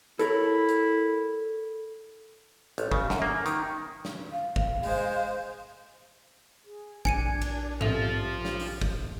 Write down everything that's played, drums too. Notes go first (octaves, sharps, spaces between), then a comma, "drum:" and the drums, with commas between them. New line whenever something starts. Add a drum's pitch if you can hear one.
E4 A4 A#4 C#5, drum: hi-hat
drum: hi-hat
A1, drum: hi-hat
C#3, drum: kick
F#2, drum: snare
A#3
D#3, drum: hi-hat
drum: snare
F5
drum: kick
G#3 C5, drum: open hi-hat
G#4
A#1 D4 G#5 A5 G#6 C#7 D#7, drum: kick
drum: cymbal
F3 F4 G4 A4 E5, drum: tom G#2
drum: snare
drum: open hi-hat
drum: kick